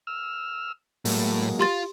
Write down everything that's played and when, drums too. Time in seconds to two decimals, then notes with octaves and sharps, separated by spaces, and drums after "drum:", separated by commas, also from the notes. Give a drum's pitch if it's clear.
0.07 E6 F6
1.05 A2 F#3 G#3 A#3, drum: open hi-hat
1.59 F4 G4 C6 A6